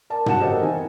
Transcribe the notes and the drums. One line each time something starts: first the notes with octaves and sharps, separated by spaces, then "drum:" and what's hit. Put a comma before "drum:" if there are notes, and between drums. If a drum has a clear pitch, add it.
A#4 D5 A5
G1 F#3 F#5 A5 C#7 E7, drum: tom
G4 A4 A#4 C5 D#5 F#5
D#3 E3 C4 G#5